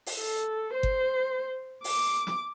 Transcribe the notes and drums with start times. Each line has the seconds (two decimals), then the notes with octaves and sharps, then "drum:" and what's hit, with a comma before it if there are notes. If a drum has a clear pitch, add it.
0.06 drum: open hi-hat
0.19 A4
0.74 C5
0.83 drum: kick G1
1.84 D6, drum: open hi-hat
2.27 drum: snare